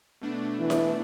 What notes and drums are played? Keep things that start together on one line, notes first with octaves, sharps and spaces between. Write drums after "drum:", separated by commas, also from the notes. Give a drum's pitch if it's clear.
B2 A3 D4
E3
drum: snare E4